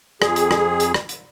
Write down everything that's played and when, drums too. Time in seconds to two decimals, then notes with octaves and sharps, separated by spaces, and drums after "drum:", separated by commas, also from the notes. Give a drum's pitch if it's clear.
0.22 F2 G#4, drum: rim click
0.36 drum: hi-hat
0.51 drum: rim click
0.80 drum: hi-hat
0.94 drum: rim click
1.09 drum: hi-hat